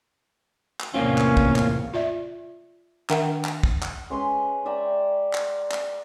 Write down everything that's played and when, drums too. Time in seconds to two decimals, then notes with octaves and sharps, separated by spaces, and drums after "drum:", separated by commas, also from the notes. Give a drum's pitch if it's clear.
0.80 drum: clap
0.94 E2 A2 C3 A#3 C4 C#4 F4
1.18 drum: clap
1.37 drum: kick
1.56 drum: clap
1.94 F4 D5 E5
3.10 D#3 D4 A#4 E5 F#5 G5, drum: clap
3.45 drum: clap
3.63 drum: kick
3.82 drum: clap
4.10 G#3 C#4 B4 C6
4.66 D5 E5 G5 A#5
5.33 drum: clap
5.71 drum: clap